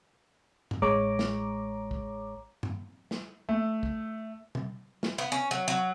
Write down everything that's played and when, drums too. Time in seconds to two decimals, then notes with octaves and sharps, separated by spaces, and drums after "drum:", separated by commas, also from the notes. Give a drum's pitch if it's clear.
0.71 drum: tom G2
0.82 A1 G#3 C#5 A#5 D6
1.19 drum: snare
1.91 drum: kick
2.63 drum: tom G2
3.11 drum: snare
3.49 A3
3.83 drum: kick
4.55 drum: tom B2
5.03 drum: snare
5.18 B3
5.32 C#4
5.51 F#3
5.68 F#3